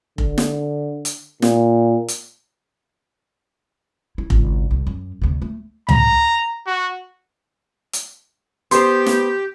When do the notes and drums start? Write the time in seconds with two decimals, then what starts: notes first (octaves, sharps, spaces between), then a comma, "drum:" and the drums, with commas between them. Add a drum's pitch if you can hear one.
0.18 D3, drum: kick F1
0.38 drum: snare
1.05 drum: hi-hat
1.42 A#2, drum: snare
2.08 drum: hi-hat
4.18 E4
4.30 G#1 C#2, drum: kick F1
4.71 C2
4.87 F#2
5.22 D2 C3
5.42 A3
5.89 A#5, drum: tom C#2
6.66 F#4
7.93 drum: hi-hat
8.71 B3 G4 C5 C6, drum: hi-hat
9.06 drum: snare